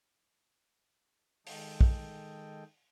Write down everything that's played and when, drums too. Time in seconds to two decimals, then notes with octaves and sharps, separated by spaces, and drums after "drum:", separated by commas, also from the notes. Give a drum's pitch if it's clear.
1.47 D#3 G#3 A4 D#5 G5, drum: open hi-hat
1.81 drum: kick